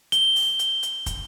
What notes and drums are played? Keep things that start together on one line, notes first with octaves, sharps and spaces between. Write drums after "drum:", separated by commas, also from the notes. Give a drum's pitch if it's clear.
G7, drum: hi-hat
drum: open hi-hat
drum: hi-hat
drum: hi-hat
drum: kick, hi-hat